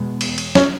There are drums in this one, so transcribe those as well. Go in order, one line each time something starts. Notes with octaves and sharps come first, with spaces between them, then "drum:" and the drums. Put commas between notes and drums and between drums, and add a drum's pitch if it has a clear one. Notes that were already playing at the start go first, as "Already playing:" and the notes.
Already playing: E2 B2 G#3 B3
drum: cymbal
drum: cymbal
C#4, drum: snare